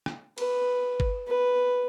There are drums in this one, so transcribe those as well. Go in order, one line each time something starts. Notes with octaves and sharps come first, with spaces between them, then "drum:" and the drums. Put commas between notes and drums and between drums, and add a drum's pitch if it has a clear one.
drum: rim click
B4, drum: cymbal
drum: kick G1
B4